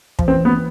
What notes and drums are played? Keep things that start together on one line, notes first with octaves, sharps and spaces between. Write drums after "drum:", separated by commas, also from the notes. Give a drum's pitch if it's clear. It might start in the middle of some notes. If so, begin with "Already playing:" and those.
F3, drum: kick
E3 C4
B3